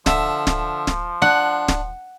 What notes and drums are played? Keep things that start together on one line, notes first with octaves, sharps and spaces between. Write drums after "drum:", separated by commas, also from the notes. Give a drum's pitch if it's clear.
D3 F3 E5, drum: snare
drum: snare
drum: snare
D4 F#5
drum: snare